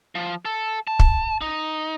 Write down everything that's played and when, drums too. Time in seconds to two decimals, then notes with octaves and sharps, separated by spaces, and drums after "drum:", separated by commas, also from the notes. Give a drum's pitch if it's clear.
0.15 F3
0.45 A4
0.87 A5
0.99 drum: kick
1.41 D#4